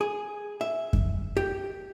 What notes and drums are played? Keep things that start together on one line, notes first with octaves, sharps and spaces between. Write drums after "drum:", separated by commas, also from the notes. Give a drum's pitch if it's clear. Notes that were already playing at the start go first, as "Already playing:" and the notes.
G#4
E5
drum: kick F#2
G4